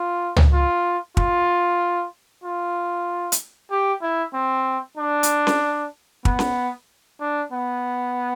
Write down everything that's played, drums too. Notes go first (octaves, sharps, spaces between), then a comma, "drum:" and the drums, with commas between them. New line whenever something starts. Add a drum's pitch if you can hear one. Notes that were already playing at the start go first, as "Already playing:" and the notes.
Already playing: F4
drum: tom
F4
F4, drum: kick
F4
drum: hi-hat
G4
E4
C4
D4
drum: hi-hat
drum: snare C#4
B3, drum: kick
drum: snare C#4
D4
B3